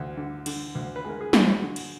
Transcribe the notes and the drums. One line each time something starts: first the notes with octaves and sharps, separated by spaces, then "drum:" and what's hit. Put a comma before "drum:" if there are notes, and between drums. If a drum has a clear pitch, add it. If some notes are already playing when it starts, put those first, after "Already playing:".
Already playing: D2
D3
D3, drum: cymbal
D2
B4
G#3 A#4
G#4
G#3 F#4, drum: snare
D3
drum: cymbal